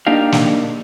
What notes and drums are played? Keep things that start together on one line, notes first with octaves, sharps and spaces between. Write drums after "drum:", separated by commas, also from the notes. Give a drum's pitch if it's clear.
A#3 D4 D#4 G4 F5
drum: snare